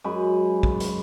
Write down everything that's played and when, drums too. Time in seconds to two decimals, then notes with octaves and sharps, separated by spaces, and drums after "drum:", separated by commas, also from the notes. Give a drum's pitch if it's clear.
0.04 F#2 G#3 G#5 B5
0.63 drum: kick
0.80 drum: hi-hat